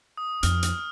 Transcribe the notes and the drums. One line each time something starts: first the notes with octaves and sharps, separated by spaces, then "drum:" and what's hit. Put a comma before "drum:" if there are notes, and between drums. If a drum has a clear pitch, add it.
D#6
F2 F6, drum: hi-hat
drum: hi-hat